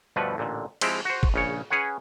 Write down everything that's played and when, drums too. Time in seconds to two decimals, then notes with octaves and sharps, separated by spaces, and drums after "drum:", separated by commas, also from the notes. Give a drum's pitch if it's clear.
0.16 G2 B2 D3 F3 A3 B4
0.38 A1 A#2 D3
0.81 F3 G#3 C4 E4 G4 C5, drum: cymbal
1.05 F#4 C5
1.23 drum: kick
1.34 A#1 C#3 C#5
1.70 C#4 G#4 B4 C#5 F#5